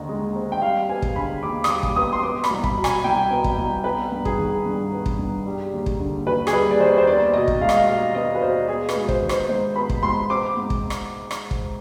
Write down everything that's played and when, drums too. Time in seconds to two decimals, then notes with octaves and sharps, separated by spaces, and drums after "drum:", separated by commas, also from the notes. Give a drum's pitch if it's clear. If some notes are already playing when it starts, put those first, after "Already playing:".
Already playing: D#2 D3 D#5
0.09 G#3
0.35 C4
0.52 G5
0.62 G3 F5
0.89 B3 G#5
1.02 drum: kick
1.16 D3 B5
1.43 D#2 D6
1.64 D#6, drum: rim click
1.69 G3 D6
1.83 drum: kick
1.96 B3 D#6
2.13 C6
2.23 B3 D6
2.44 B5, drum: rim click
2.50 C2
2.64 B5, drum: kick
2.77 B2
2.84 G#5, drum: rim click
3.04 C2 G5
3.31 B3
3.44 drum: kick
3.58 C2
3.84 B3 B4
4.12 G2
4.25 G#4, drum: kick
4.38 D#3
4.65 G2
4.92 B3
5.06 drum: kick
5.19 G2
5.46 G3
5.73 D#2
5.86 drum: kick
5.99 D3
6.26 D#2 B4
6.47 G#4, drum: rim click
6.53 G3 B4
6.71 D5
6.80 D#2 C5
6.97 C5
7.07 B3 D5
7.34 B2 D#5
7.48 drum: kick
7.61 G#3 F5
7.69 D#5, drum: rim click
7.75 F5
7.88 B2 F5
8.15 B3 D#5
8.35 B4
8.42 B2 C5
8.68 B3 G#4
8.89 B4, drum: rim click
8.96 G#2
9.09 C5, drum: kick
9.22 D#3
9.29 C5, drum: rim click
9.49 G#2 C5
9.76 B3 B5
9.89 drum: kick
10.03 G#2 C6
10.30 C4 D6
10.57 G#2
10.70 drum: kick
10.90 drum: rim click
11.31 drum: rim click
11.51 drum: kick